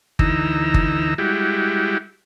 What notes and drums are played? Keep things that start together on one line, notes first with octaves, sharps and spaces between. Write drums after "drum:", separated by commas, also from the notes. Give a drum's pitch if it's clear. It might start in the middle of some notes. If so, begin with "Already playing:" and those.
D2 E3 D#4 A#5 E6, drum: kick G1
drum: kick G1
G3 G#3 E4 F#4 G4